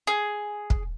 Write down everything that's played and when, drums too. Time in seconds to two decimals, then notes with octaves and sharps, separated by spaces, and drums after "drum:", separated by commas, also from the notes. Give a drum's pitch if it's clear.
0.07 G#4
0.70 drum: kick